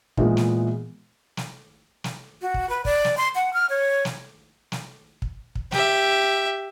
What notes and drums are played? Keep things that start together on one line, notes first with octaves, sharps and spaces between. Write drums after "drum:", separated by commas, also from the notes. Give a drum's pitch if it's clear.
A#2 E3 G#3 B3, drum: kick
drum: snare
drum: snare
drum: snare
F#4
drum: kick
B4
D5, drum: kick
drum: snare
C6
F#5
F6
C#5
drum: snare
drum: snare
drum: kick
drum: kick
G4 E5, drum: snare